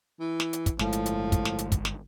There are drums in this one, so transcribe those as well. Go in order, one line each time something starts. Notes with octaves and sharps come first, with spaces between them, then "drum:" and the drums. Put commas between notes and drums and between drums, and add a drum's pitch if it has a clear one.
E3
drum: snare
drum: hi-hat
drum: kick, hi-hat
G1 A2 F3 G#3, drum: snare
drum: hi-hat
drum: hi-hat
drum: kick, hi-hat
drum: snare
drum: hi-hat
drum: kick, hi-hat
drum: snare